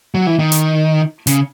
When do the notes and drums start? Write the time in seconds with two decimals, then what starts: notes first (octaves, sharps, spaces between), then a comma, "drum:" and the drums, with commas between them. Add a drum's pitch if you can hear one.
0.15 F#3
0.27 E3
0.39 D#3
0.52 drum: hi-hat
1.27 C#3, drum: hi-hat